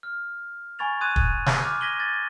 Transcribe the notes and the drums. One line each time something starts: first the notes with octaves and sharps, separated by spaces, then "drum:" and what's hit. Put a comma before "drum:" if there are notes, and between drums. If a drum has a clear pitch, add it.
F6
G#5 B5 C#6 G#6 A6 F7
C6 D#6 F#6 G#6 D#7
drum: kick
drum: snare
B5 D6 F6 G6
G#6 A#6 B6 D#7 F#7 G7
G#6 A6